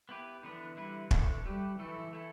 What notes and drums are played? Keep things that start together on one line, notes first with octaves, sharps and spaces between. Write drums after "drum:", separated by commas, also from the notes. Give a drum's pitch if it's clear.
B3 E4 G4 B4
D3 E3 B3 D4 B4
D3 G3 E4 B4
D3 A3 D4, drum: kick
G3 A3 G4 B4
E3 A3 E4 A4
A3 E4 A4